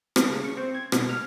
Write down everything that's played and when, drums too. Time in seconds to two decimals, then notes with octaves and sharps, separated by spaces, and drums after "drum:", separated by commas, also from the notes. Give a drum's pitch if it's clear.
0.16 drum: rim click
0.29 C#3
0.44 C#6
0.57 C4
0.74 G#6
0.92 B2, drum: rim click
1.09 F6